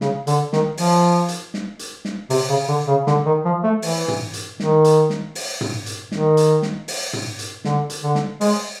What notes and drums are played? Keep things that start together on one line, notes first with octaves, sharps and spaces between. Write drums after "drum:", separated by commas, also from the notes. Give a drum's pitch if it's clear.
C#3, drum: snare
D3, drum: hi-hat
D#3, drum: snare
F3, drum: open hi-hat
drum: hi-hat
drum: snare
drum: hi-hat
drum: snare
C3, drum: open hi-hat
C#3
D3
C#3
D3, drum: snare
D#3
F3
A3
E3, drum: open hi-hat
drum: tom
drum: hi-hat
D#3, drum: snare
drum: hi-hat
drum: snare
drum: open hi-hat
drum: tom
drum: hi-hat
D#3, drum: snare
drum: hi-hat
drum: snare
drum: open hi-hat
drum: tom
drum: hi-hat
D3, drum: snare
drum: hi-hat
D3
drum: snare
G#3, drum: open hi-hat